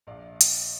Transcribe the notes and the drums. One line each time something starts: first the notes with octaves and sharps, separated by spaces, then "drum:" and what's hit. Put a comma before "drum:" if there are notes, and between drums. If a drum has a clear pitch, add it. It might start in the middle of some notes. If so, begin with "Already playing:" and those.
A#1 D5 F5
drum: hi-hat